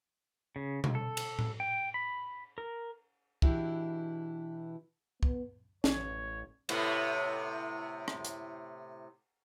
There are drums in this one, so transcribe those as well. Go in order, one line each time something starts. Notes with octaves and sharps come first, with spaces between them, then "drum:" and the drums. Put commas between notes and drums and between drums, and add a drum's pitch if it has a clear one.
C#3
drum: tom B2
A4
drum: cymbal
drum: tom A2
G5
B5
A#4
B2 E3 D4 E4 F#4 G4, drum: kick
B3, drum: kick
A1 C#5, drum: snare
A2 C3 B3, drum: cymbal
drum: rim click
drum: hi-hat